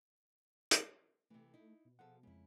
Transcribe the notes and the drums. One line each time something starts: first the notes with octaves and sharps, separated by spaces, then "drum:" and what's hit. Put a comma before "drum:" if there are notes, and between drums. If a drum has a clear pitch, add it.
drum: hi-hat
C3 E3 A3
D#4 E4
B2
F3 G#4 A4 F#5
F2 C#3 G#3 E4